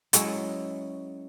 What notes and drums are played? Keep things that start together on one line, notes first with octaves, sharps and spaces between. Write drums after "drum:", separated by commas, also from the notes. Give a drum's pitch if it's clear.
F#3 G#3 C#4 E4, drum: hi-hat